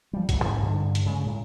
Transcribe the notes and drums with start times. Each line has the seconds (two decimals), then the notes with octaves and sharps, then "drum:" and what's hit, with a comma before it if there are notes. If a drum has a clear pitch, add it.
0.13 F3 G3
0.29 D1 F#3, drum: kick, hi-hat
0.44 G#2 C#4
0.62 G2 D3
0.95 drum: hi-hat
1.06 C#3 G#3 C#4
1.26 A2